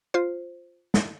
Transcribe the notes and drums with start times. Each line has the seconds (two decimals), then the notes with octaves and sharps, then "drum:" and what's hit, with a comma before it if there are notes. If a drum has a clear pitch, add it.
0.14 F4 C5
0.94 drum: snare